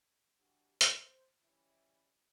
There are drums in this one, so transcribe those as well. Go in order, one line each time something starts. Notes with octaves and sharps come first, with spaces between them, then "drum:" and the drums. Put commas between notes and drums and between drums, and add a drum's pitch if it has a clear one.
E3 G3 D4 F#4 G4
C5, drum: hi-hat
E3 G3 C#4 E4